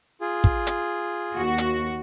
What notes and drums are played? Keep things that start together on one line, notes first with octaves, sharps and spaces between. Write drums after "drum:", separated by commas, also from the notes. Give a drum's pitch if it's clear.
F4 G#4
drum: kick
drum: hi-hat
D#2 F#4
drum: hi-hat